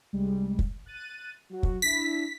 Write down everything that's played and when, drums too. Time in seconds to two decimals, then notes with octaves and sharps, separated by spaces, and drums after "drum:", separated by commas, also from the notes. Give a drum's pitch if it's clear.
0.13 C2 G3 G#3
0.59 drum: kick
0.86 F#6 A6 D#7
1.50 F#3 F#4
1.63 drum: kick
1.82 D4 E4 B6